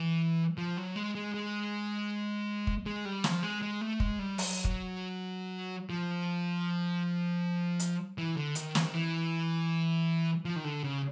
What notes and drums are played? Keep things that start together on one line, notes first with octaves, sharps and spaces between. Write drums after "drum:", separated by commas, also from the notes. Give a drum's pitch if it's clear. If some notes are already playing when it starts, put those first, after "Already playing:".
Already playing: E3
F3
F#3
G#3
G#3
G#3
drum: kick
G#3
G3
F3, drum: snare
G#3
G#3
A3
G#3, drum: kick
G3
F#3, drum: open hi-hat
drum: kick
F3
drum: hi-hat
E3
D3
D#3, drum: hi-hat
E3, drum: snare
D#3
E3
F3
D#3
D3
C#3